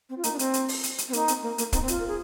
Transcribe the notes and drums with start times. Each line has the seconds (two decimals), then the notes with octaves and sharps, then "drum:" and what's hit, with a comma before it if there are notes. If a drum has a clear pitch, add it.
0.09 C4
0.16 F4
0.24 A#3 D#4, drum: hi-hat
0.33 D4
0.39 C4, drum: hi-hat
0.54 drum: hi-hat
0.68 drum: open hi-hat
0.83 drum: hi-hat
0.98 drum: hi-hat
1.08 C4
1.13 A#3 D#4, drum: hi-hat
1.28 C4, drum: hi-hat
1.43 A#3
1.58 A#3, drum: hi-hat
1.72 C4 D#4, drum: kick, hi-hat
1.83 C4
1.88 F4, drum: hi-hat
1.99 A#4
2.08 G#4